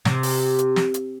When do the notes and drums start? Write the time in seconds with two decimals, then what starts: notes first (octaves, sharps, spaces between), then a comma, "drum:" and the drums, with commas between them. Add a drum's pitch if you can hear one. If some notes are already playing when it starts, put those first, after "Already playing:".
0.05 C3, drum: snare
0.23 drum: open hi-hat
0.59 drum: hi-hat
0.76 drum: snare
0.94 drum: hi-hat